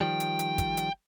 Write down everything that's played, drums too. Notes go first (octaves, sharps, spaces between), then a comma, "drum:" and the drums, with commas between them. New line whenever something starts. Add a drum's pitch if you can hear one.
D#3 F3 G3 G5
drum: hi-hat
drum: hi-hat
drum: kick, hi-hat
drum: hi-hat